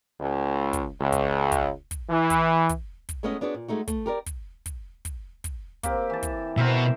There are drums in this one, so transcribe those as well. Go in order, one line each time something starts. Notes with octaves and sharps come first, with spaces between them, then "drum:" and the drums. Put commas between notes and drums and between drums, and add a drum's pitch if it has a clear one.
C#2
drum: kick, hi-hat
C#2
drum: kick, hi-hat
drum: kick, hi-hat
drum: kick, hi-hat
E3
drum: kick, hi-hat
drum: kick, hi-hat
drum: kick, hi-hat
G#3 A3 B3 C#4 E4 D#5
B3 D4 F#4 G#4 B4 C#5
A#2
G#3 A3 D#4 F#4
A3, drum: kick, hi-hat
G4 A#4 B4 D5
drum: kick, hi-hat
drum: kick, hi-hat
drum: kick, hi-hat
drum: kick, hi-hat
A#3 C4 G4, drum: kick, hi-hat
E3 A5
drum: kick, hi-hat
B2 B3 A#4 C5 E5